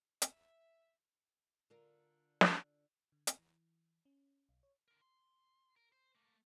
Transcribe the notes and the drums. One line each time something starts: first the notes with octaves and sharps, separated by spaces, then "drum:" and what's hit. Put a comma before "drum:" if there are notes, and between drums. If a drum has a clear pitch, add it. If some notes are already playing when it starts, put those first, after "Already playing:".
E5, drum: hi-hat
D3 F4 A#4
drum: snare
D3
drum: hi-hat
E3
C#4
B1
C#5
D3 A#4
C6
A#4
C5
A3 A#3